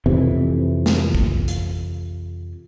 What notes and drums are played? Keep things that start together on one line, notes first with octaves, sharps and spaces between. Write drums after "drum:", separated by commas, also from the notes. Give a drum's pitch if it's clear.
F2 C3 E3
drum: snare
drum: kick
drum: hi-hat